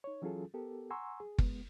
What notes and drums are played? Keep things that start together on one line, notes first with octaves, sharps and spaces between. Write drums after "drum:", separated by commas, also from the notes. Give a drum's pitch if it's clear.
D#4 C#5
E3 F#3 C#4 F4 G#4 A4
B3 G4 A4 A#4
F#5 G#5 A#5 C6 C#6 E6
G#4
G#3 B3, drum: kick